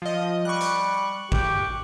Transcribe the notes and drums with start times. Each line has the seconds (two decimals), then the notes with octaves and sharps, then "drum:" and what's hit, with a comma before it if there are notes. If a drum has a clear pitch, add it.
0.02 F3 D#5
0.45 G3 C#6 F#6
0.61 drum: hi-hat
1.32 G4, drum: kick